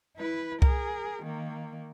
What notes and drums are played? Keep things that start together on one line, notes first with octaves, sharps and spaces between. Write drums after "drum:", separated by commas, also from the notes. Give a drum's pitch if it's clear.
E4 B4
G#4 A#4, drum: kick C2
D#3 A#3